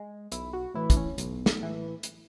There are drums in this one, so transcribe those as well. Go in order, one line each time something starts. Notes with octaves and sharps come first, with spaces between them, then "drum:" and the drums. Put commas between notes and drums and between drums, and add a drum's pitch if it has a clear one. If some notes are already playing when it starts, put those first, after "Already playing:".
Already playing: G#3
B1 E4, drum: hi-hat
F#4
A2 E3 E4
D4, drum: kick, hi-hat
C#4
B1, drum: hi-hat
drum: snare
A2 E3
drum: hi-hat